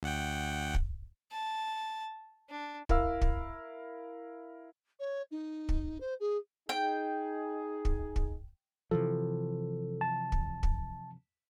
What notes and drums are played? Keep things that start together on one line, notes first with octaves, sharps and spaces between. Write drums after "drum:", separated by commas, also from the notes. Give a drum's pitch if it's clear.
D2 F#5 G5
drum: kick
A5
D4
E4 A#4 F5 E6, drum: kick
drum: kick
C#5
D#4
drum: kick
C5
G#4
D#4 G#4 G5
drum: kick
drum: kick
C3 E3 F3 A4
A5
drum: kick
drum: kick